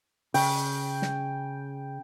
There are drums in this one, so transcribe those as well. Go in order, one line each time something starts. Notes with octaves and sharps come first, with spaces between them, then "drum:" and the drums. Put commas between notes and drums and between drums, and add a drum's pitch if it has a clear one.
C#3 G5, drum: open hi-hat
drum: snare